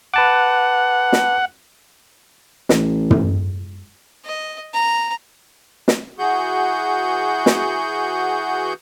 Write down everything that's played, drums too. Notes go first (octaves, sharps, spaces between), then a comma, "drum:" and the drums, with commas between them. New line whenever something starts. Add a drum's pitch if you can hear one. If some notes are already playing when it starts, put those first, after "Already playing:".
B4 F#5 A5 D6
drum: snare
A1, drum: snare
drum: tom
D#5
A#5
drum: snare
E3 F#4 G#4 F#5 G6
drum: snare